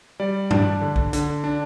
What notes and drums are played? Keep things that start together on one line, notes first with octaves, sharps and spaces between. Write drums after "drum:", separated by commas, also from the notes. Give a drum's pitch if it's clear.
G3 D5
D4, drum: tom G2
D3
drum: kick B1
D3, drum: hi-hat
D4